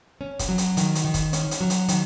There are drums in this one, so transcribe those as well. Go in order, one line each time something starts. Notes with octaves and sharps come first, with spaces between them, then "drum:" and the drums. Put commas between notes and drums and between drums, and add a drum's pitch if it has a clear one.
C#4
drum: kick, hi-hat
F#3
drum: hi-hat
D#3, drum: hi-hat
drum: hi-hat
D#3
drum: kick, hi-hat
C#4, drum: hi-hat
drum: hi-hat
F#3
drum: hi-hat
D#3, drum: hi-hat